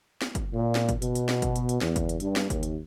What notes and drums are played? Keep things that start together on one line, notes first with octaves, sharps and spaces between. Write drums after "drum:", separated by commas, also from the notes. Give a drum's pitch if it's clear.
drum: snare
drum: kick F#1, hi-hat
A#2
drum: snare
drum: kick F#1, hi-hat
B2, drum: hi-hat
drum: hi-hat
drum: snare
drum: kick F#1, hi-hat
drum: hi-hat
drum: hi-hat
E2, drum: snare
drum: kick F#1, hi-hat
drum: hi-hat
G2, drum: hi-hat
drum: snare
D#2, drum: kick F#1, hi-hat
drum: hi-hat